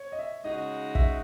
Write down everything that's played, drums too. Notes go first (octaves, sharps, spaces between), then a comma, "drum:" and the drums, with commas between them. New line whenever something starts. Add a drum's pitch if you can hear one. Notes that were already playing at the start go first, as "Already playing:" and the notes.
Already playing: C#5
D#5
E5
C#3 G#3 D#4 F#4 D#5
E5, drum: kick